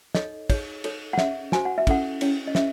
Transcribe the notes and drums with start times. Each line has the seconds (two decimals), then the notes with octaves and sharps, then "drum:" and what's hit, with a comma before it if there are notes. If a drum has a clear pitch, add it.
0.15 D#4 A4 C#5 D#5, drum: snare
0.50 D#4 G#4 C#5, drum: kick, cymbal
0.84 D#4 A4 C#5, drum: cymbal
1.13 F#5
1.18 C#4 G#4 C#5 E5, drum: snare
1.52 F#4 C5 G#5, drum: snare
1.65 F#5
1.78 E5
1.87 C#4 E4 A4 F#5, drum: kick, cymbal
2.21 C#4 E4 G#4 C#5, drum: cymbal
2.47 D#5
2.55 C#4 G#4 C5 E5, drum: snare